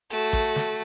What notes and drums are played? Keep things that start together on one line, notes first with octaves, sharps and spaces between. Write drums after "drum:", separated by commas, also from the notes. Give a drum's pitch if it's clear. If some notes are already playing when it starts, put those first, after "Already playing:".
A3 F#4, drum: hi-hat
drum: kick, hi-hat
drum: snare